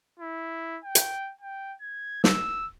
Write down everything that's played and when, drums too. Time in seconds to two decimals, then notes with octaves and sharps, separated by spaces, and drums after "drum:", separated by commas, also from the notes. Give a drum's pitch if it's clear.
0.19 E4
0.84 G5
0.95 drum: hi-hat
1.41 G5
1.81 G#6
2.24 E6, drum: snare